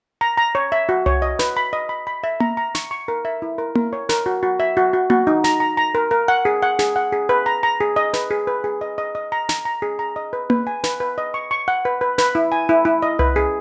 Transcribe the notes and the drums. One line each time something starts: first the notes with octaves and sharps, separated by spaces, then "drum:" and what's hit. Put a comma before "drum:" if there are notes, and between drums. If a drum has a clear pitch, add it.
A#5
A#5
C#5
E5
F#4
C#5, drum: tom C2
D#5
B4, drum: snare
B5
D#5
B5
B5
E5
A#5, drum: tom A#3
A#5
C#6, drum: snare
C#6
A#4
E5
E4
A#4
A#4, drum: tom A#3
C#5
A#4, drum: snare
F#4
F#4
E5
F#4
F#4
F#4, drum: tom A#3
D#4
A#5, drum: snare
A#5
A#5
A#4
A#4
F#5
G#4
F#5
G#4, drum: snare
F#5
G#4
B4
A#5
A#5
G#4
D#5
B4, drum: snare
G#4
B4
G#4
D#5
D#5
D#5
A#5
A#5, drum: snare
A#5
G#4
A#5
D#5
B4
B4, drum: tom A#3
G#5
B4, drum: snare
B4
D#5
C#6
C#6
F#5
B4
B4
B4, drum: snare
E4
G#5
E4
E4
D#5
B4, drum: tom C2
G#4